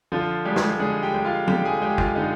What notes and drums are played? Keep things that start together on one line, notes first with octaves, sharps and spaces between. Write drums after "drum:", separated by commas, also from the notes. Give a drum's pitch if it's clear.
D3 F3 F4
G3 G#3 G4
drum: snare
D3 G#3 G#4
G4 G5
G#3
F4 F5
D3 G4 G5, drum: tom
G#4 G#5
G#3 G4 G5
F4 F5, drum: kick
D3 D#4 D#5